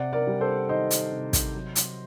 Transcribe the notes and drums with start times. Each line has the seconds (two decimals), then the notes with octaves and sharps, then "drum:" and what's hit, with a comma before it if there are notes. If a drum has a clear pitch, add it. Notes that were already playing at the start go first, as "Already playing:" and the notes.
Already playing: C3 D5 F#5
0.13 A#4 D5
0.27 G3
0.41 A4 C5
0.69 D#3 C5 D#5
0.91 drum: hi-hat
1.12 C3
1.33 drum: kick, hi-hat
1.54 F#3
1.76 drum: hi-hat